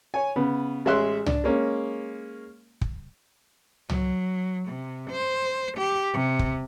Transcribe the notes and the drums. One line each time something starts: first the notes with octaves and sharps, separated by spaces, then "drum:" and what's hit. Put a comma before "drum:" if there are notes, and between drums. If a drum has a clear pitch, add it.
C#5 G#5
C#3 B3
A1 G#3 C#5 E5 C6 F#6
D4, drum: tom
G#3 A#3 C#4
drum: kick
F#3, drum: tom
C3
C5
G4
C3
drum: kick